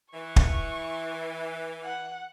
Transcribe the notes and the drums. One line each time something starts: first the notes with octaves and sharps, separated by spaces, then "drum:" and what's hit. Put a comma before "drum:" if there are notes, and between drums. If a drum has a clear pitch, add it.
E3 C#6
drum: kick
F#5